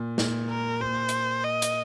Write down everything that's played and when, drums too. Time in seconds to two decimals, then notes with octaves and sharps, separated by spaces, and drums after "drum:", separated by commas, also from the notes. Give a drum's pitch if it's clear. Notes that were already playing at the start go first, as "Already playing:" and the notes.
Already playing: A#2
0.18 A#2, drum: snare
0.49 A#4
0.81 A#2 C5
1.09 drum: hi-hat
1.44 D#5
1.62 drum: hi-hat